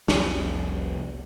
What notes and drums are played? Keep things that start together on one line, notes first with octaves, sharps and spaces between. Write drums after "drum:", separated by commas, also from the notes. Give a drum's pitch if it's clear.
F1 C2 F2, drum: snare